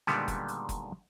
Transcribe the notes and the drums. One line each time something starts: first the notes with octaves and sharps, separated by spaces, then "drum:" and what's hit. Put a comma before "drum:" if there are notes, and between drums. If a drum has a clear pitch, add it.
A#2 D3 D#3 G3 G#3 B3, drum: snare
drum: kick F#1, hi-hat
drum: hi-hat
drum: kick F#1, hi-hat